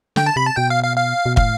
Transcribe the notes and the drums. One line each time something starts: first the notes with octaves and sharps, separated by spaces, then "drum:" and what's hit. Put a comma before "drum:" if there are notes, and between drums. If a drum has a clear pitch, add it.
D3 G5, drum: snare
A5
C3 B5
A5
B2 G5
F5
F5
F5
B2
A2 F5, drum: kick